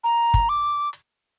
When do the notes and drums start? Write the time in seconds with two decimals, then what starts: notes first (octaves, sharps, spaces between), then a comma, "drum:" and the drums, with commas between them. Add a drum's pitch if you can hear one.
0.04 A#5
0.34 drum: kick, hi-hat
0.49 D6
0.93 drum: hi-hat